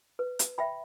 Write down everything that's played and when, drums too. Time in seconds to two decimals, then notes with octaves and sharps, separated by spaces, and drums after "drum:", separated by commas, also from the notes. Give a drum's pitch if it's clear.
0.19 B4
0.39 drum: hi-hat
0.58 E5 G5 B5